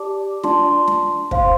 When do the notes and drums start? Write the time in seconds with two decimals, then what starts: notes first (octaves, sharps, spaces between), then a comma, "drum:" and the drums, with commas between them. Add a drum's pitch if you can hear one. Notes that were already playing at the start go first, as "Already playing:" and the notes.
Already playing: G4 D5 A5 D6
0.43 D4 F4 D5 A5 C6, drum: snare
0.87 drum: snare
1.31 C5 F5 C6, drum: kick